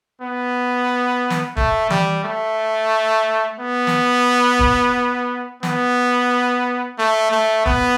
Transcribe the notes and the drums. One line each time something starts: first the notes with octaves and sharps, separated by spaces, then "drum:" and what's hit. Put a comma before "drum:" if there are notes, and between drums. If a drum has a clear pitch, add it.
B3
drum: snare
A3, drum: kick
G3, drum: tom E3
A3
B3
drum: snare
drum: kick
B3, drum: snare
A3
A3
B3, drum: kick